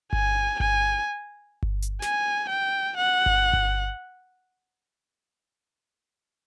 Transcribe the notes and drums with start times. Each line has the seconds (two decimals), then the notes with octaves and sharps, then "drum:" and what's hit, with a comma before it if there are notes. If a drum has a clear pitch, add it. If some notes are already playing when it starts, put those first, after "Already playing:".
0.13 G#5, drum: kick G1
0.60 G#5, drum: kick G1
1.63 drum: kick G1
1.82 drum: hi-hat
2.02 G#5, drum: snare
2.49 G5
2.97 F#5
3.26 drum: kick G1
3.53 drum: kick G1